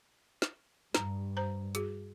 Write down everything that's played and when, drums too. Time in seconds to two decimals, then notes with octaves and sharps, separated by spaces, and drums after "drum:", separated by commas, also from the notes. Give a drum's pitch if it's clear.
0.42 drum: snare
0.94 G2 A#5, drum: snare
1.37 C5 A#5
1.75 F#4 G#4, drum: hi-hat